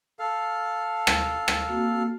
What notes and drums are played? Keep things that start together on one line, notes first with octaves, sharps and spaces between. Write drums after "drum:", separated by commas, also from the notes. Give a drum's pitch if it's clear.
A4 F5
drum: rim click
drum: rim click
A#3 C4 F#4